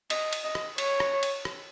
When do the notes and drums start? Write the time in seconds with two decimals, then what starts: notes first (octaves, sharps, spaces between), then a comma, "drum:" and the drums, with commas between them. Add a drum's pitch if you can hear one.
0.10 D#5, drum: cymbal
0.33 drum: cymbal
0.44 D#5
0.55 drum: rim click
0.78 C#5, drum: cymbal
1.00 drum: rim click
1.23 drum: cymbal
1.45 drum: rim click